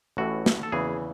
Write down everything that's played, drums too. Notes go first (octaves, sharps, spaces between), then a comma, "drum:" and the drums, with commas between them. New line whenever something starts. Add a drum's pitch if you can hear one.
A1 A2 E3 F#4
drum: snare
A4
E2 C#3 E3 G#4